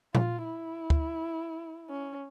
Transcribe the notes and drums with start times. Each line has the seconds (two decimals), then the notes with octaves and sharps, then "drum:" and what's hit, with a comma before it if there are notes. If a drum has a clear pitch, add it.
0.15 F4, drum: tom A#2
0.44 E4
0.90 drum: kick
1.90 C#4